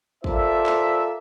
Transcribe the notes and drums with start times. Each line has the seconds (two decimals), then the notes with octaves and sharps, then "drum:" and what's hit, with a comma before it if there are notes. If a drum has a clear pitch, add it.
0.24 F4 A4 A#4 C5 D5 E5, drum: kick
0.66 drum: clap